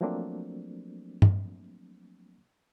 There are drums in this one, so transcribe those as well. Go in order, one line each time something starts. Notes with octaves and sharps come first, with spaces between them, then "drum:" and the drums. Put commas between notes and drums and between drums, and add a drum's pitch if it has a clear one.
F3 F#3 A3 A#3 C4 D4
drum: tom G2